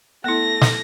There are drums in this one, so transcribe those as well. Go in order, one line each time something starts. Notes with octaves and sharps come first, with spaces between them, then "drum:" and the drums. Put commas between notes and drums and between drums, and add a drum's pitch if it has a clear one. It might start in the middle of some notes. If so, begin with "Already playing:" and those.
A3 B3 E4 A#6
drum: snare